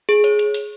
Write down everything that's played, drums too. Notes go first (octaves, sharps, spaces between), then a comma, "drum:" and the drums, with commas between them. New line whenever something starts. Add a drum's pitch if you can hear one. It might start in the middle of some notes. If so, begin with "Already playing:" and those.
G#4
C#5, drum: hi-hat
drum: hi-hat
drum: open hi-hat